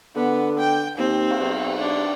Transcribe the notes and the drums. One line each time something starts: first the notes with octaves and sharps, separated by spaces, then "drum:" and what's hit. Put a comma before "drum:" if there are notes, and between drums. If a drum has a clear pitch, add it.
D3 B3
G5
D#2 C4
drum: cymbal
B1
D4